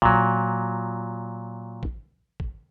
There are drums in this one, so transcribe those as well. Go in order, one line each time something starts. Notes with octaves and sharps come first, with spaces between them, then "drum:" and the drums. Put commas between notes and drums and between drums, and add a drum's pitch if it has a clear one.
A#2 F#3, drum: kick
drum: kick
drum: kick